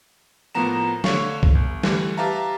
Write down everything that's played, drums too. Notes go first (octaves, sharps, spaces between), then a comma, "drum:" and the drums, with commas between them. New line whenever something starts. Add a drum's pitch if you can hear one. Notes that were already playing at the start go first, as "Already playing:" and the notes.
A2 F3 A#3 B3 A#5 E7
D3 A3 C#5 F5 C#6, drum: snare
drum: kick
G1
D3 E3 G3 A3, drum: snare
G4 B4 E5 F5 A5 A#5